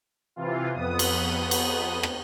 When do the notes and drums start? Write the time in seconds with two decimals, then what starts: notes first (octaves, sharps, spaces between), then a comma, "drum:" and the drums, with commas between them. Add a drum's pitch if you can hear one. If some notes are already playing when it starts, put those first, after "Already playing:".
0.36 C3 E3 F4
0.73 F2 B3 D#6
0.99 drum: cymbal
1.51 drum: cymbal
2.03 drum: rim click